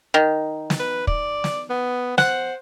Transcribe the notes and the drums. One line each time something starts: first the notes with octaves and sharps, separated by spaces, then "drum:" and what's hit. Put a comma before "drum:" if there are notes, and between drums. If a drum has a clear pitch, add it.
D#3
drum: snare
B4
D5, drum: kick
drum: snare
B3
C5 F#5, drum: snare